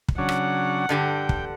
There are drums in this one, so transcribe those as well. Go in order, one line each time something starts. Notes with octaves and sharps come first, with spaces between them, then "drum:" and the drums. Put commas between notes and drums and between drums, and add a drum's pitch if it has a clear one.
drum: kick
C#3 F#3 D4 F#5
drum: rim click
G2 D3 G4 G5
drum: kick